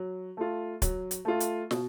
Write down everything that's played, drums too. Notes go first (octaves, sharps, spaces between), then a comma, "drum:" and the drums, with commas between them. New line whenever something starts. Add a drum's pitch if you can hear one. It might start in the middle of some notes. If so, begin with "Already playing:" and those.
Already playing: F#3
A3 F4
F#3, drum: kick, hi-hat
drum: hi-hat
A3 F4
drum: hi-hat
B2, drum: snare